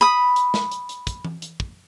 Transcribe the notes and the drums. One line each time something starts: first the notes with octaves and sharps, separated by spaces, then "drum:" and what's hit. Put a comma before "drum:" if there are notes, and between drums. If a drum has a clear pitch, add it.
B5 D#6
drum: hi-hat
drum: snare
drum: hi-hat
drum: hi-hat
drum: kick, hi-hat
drum: tom E3
drum: hi-hat
drum: kick